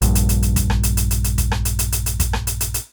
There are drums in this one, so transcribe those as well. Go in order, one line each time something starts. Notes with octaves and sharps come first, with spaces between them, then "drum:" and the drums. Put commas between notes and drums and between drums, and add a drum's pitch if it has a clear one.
A#1 G2, drum: hi-hat
drum: hi-hat
drum: hi-hat
drum: hi-hat
drum: kick, hi-hat
drum: rim click
drum: hi-hat
drum: hi-hat
drum: hi-hat
drum: hi-hat
drum: kick, hi-hat
drum: rim click
drum: hi-hat
drum: hi-hat
drum: hi-hat
drum: hi-hat
drum: kick, hi-hat
drum: rim click
drum: hi-hat
drum: hi-hat
drum: hi-hat